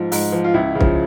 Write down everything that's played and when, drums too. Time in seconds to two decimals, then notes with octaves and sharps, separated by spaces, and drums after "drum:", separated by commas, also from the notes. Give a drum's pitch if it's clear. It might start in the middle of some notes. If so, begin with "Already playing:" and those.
Already playing: G#2 F3
0.12 G#2, drum: open hi-hat
0.32 F3
0.44 F4
0.54 C#2 E4
0.75 C#3
0.81 F3, drum: kick C2